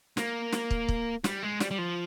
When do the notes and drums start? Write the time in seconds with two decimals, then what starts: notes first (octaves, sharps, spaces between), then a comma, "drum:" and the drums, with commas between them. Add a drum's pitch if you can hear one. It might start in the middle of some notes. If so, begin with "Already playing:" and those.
0.17 A#3, drum: snare
0.53 drum: snare
0.71 drum: kick
0.89 drum: kick
1.24 G3, drum: snare
1.43 G#3
1.60 G3, drum: snare
1.71 G3
1.78 F3